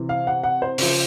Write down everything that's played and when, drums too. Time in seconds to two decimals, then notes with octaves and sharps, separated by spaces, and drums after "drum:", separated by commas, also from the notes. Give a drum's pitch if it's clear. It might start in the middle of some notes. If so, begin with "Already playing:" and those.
Already playing: C3 E3
0.09 F5
0.27 F#5
0.44 F#5
0.62 C5
0.78 C#3 F3, drum: open hi-hat